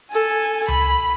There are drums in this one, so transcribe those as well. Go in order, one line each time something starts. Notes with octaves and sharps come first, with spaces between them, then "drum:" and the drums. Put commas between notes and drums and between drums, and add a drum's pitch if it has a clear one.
A4 G#5
B5, drum: tom C#2